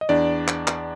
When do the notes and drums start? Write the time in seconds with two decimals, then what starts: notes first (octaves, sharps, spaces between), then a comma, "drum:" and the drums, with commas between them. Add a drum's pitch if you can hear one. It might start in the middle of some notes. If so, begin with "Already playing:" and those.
0.01 D#5
0.09 E2 D4 D5
0.48 drum: clap
0.67 drum: clap